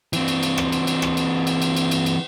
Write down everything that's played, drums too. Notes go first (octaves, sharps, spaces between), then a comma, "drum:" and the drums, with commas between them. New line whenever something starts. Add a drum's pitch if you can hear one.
E3 C4, drum: cymbal
drum: cymbal
drum: cymbal
drum: rim click
drum: cymbal
drum: cymbal
drum: rim click
drum: cymbal
drum: cymbal
drum: cymbal
drum: cymbal
drum: cymbal
drum: cymbal